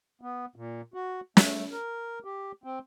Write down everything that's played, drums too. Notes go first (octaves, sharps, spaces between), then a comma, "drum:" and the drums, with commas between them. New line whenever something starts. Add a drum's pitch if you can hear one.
B3
A#2
F#4
A3, drum: snare
A#4
G4
C4